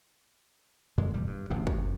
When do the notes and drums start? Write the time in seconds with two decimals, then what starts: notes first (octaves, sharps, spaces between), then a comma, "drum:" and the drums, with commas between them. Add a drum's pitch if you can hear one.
0.98 F#2 B2 D3 G#3
1.14 D1 E2 G3
1.27 G2
1.50 D1 A1 F#2 C3
1.67 F#2, drum: kick